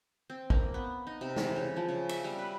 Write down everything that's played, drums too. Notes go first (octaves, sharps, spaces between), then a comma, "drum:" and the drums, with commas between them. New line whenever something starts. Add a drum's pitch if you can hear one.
C4
A#3, drum: kick
B3
D#4
C3
E3, drum: snare
C#3
F3
C#3
E5, drum: cymbal
G3
B4